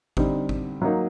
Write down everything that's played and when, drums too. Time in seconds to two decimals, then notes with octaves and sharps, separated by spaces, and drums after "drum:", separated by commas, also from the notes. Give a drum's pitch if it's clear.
0.17 D3 G3 C4 D#4, drum: kick G#1
0.49 drum: kick G#1
0.82 F#3 A#3 D#4